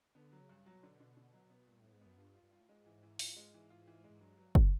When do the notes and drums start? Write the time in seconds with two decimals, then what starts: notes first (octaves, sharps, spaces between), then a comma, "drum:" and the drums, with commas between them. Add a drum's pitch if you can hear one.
0.15 D3 B3
0.32 F#3
0.40 C#3
0.49 G2
0.66 B2 F#3
0.83 D3
1.00 D3
1.17 D3
1.33 F#3
1.50 B3
1.67 G2 A#2
1.80 A2 B3
1.93 G#2
2.01 F#2 B3
2.18 G2 F4
2.34 F4
2.43 G2
2.53 F4
2.60 A2
2.68 G#2 G#3
2.86 E3
3.03 E3
3.19 F4, drum: open hi-hat
3.36 G#3
3.54 E3
3.70 F4
3.87 E3
4.04 G#3
4.10 G#2
4.21 G2 F#3
4.37 F#3
4.55 F#3, drum: kick F#1